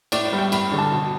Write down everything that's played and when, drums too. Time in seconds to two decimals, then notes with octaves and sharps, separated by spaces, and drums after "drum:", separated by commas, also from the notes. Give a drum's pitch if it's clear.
0.12 A2 D5, drum: cymbal
0.25 D5
0.32 G3 B3
0.38 G5
0.52 G2 B5, drum: cymbal
0.71 D3 G3 D4
0.78 A5
0.92 B2